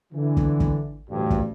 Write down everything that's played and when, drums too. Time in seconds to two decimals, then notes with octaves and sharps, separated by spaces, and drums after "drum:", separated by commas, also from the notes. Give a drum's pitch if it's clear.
0.13 D3 E3
0.37 drum: kick
0.60 drum: kick
1.10 A1 D2 G2
1.30 drum: kick